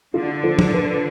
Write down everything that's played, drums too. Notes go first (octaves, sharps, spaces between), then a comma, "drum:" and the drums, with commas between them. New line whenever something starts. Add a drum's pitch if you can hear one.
D3 F4
F3
drum: tom
B4